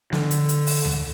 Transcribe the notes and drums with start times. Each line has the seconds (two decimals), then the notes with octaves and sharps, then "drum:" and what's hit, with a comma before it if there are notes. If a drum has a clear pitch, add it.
0.13 D3, drum: snare
0.31 drum: hi-hat
0.49 drum: hi-hat
0.67 drum: open hi-hat
0.85 drum: tom D2